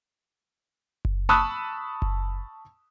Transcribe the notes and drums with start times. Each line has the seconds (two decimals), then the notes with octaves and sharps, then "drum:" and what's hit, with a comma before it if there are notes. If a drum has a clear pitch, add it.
1.05 drum: kick F#1
1.29 A5 B5 C#6 D#6 E6 F#6
2.02 drum: kick F#1